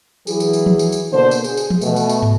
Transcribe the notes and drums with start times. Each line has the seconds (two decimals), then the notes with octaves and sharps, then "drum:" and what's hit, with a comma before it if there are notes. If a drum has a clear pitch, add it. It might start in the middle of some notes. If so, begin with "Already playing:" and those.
0.27 E3 F#3 G#4, drum: tambourine
0.40 drum: tambourine
0.53 drum: tambourine
0.66 drum: tom E3
0.79 drum: tambourine
0.92 drum: tambourine
1.12 B2 D3 A#3 C5
1.31 drum: tambourine
1.44 G#4, drum: tambourine
1.57 drum: tambourine
1.70 drum: tom E3
1.81 B2 A3, drum: tambourine
1.96 drum: tambourine
2.09 drum: tambourine
2.22 drum: tom